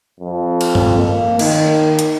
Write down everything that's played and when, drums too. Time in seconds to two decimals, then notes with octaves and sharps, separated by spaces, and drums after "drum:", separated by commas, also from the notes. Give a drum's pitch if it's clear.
0.20 F2
0.61 drum: cymbal
0.75 drum: tom G2
0.98 A#3
1.39 D#3, drum: cymbal
1.99 drum: hi-hat